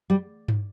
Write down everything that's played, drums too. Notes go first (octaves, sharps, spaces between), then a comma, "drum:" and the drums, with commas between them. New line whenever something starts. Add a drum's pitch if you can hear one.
G3
drum: tom G2